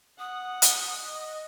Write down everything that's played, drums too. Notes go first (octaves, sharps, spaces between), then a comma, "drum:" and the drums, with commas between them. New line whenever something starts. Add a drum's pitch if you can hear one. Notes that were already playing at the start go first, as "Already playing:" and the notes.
F#5 D#6
drum: hi-hat
D#5